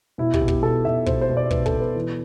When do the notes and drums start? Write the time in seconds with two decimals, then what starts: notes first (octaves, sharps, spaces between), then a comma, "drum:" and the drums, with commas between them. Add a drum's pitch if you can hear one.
0.18 B2 E4
0.34 G4, drum: kick
0.41 B2
0.48 G4, drum: kick
0.62 B2 A4
0.85 B2 E5
1.06 B2 C5, drum: kick
1.21 C5
1.29 B2
1.37 D5
1.51 B2 B4, drum: kick
1.66 A4, drum: kick
1.73 B2
1.81 B4
1.95 E3